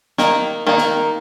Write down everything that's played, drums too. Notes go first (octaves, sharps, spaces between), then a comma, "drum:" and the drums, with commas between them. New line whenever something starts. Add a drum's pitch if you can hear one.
D#3 A#3 D#4, drum: snare
D#3 A#3 D#4
drum: snare